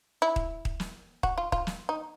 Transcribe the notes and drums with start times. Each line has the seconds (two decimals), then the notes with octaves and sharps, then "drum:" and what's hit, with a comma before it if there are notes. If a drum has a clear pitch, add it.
0.22 E4
0.36 drum: kick D#1
0.65 drum: kick D#1
0.80 drum: snare
1.23 F#4, drum: kick D#1
1.38 F4
1.52 F4, drum: kick D#1
1.67 drum: snare
1.89 D#4